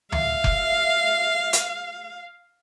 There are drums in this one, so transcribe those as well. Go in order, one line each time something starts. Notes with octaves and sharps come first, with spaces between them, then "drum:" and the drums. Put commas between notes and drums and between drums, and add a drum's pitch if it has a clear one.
E5 F5, drum: tom D2
drum: kick F1
drum: hi-hat